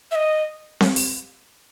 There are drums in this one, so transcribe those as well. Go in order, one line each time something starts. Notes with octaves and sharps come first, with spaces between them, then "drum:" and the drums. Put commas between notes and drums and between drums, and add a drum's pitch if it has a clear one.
E5
D#5
drum: snare C4
drum: open hi-hat